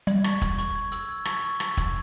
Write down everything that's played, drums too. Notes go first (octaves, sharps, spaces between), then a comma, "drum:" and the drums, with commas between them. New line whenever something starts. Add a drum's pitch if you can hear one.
G3 G#6, drum: hi-hat
C#6, drum: rim click
G#6, drum: kick, hi-hat
C#6, drum: hi-hat
G#6
E6, drum: hi-hat
G#6
C#6, drum: rim click
C#6
C#6, drum: rim click
G#6, drum: kick, hi-hat